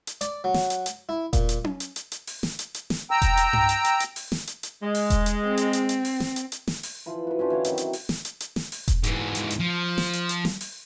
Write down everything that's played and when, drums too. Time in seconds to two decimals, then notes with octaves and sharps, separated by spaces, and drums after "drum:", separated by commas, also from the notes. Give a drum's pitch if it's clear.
0.07 drum: hi-hat
0.21 D5, drum: hi-hat
0.44 F#3
0.54 drum: snare
0.70 drum: hi-hat
0.86 drum: hi-hat
1.09 E4
1.33 A#2, drum: kick E1, hi-hat
1.49 drum: hi-hat
1.64 drum: tom C#4
1.80 drum: hi-hat
1.96 drum: hi-hat
2.12 drum: hi-hat
2.27 drum: open hi-hat
2.43 drum: snare
2.59 drum: hi-hat
2.74 drum: hi-hat
2.90 drum: snare
3.11 G5 A#5 E6
3.22 drum: kick E1, hi-hat
3.37 drum: hi-hat
3.53 drum: tom G2
3.69 drum: hi-hat
3.85 drum: hi-hat
4.00 drum: hi-hat
4.16 drum: open hi-hat
4.32 drum: snare
4.47 drum: hi-hat
4.63 drum: hi-hat
4.82 G#3
4.95 drum: open hi-hat
5.10 drum: kick E1, hi-hat
5.26 drum: hi-hat
5.46 C4
5.57 drum: hi-hat
5.73 drum: hi-hat
5.89 drum: hi-hat
6.05 drum: open hi-hat
6.20 drum: snare
6.36 drum: hi-hat
6.52 drum: hi-hat
6.68 drum: snare
6.83 drum: open hi-hat
7.06 E3 F3 F4 B5
7.27 F#4 B4
7.39 C#4 D4 F4 G4
7.50 E3 C#5 F5 F#5
7.65 C3 D#3 F#3, drum: hi-hat
7.78 drum: hi-hat
7.93 drum: open hi-hat
8.09 drum: snare
8.25 drum: hi-hat
8.40 drum: hi-hat
8.56 drum: snare
8.72 drum: open hi-hat
8.88 drum: kick E1, hi-hat
9.04 G#2 E3, drum: hi-hat
9.35 drum: hi-hat
9.51 drum: hi-hat
9.60 F3
9.98 drum: snare
10.13 drum: hi-hat
10.29 drum: hi-hat
10.45 drum: snare
10.61 drum: open hi-hat